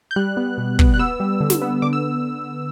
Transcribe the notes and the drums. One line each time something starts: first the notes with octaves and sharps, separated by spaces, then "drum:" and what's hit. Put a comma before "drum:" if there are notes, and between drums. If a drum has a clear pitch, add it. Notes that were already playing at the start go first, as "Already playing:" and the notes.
G6
G3 F#6
B3
B2
B3, drum: kick
F#6
B3 E6
G3
D3
drum: snare
B3
D3 D6
E6